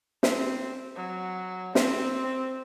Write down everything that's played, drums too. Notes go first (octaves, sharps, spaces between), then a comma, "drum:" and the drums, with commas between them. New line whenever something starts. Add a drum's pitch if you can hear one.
C4, drum: snare
F#3
C4, drum: snare